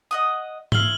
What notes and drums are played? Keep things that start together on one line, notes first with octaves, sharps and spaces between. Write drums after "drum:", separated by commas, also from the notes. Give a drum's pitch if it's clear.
D#5 F#5 D#6
E4 F4 F6 F#7 G7, drum: tom G#2